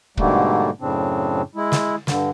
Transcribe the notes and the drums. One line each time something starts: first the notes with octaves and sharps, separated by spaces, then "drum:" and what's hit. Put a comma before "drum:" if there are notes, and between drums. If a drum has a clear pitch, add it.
G#2 B2 D3 G3 A3 A#3, drum: kick
F#2 A2 C#3 C4 D4
G#3 E4
drum: snare
G2 D3, drum: snare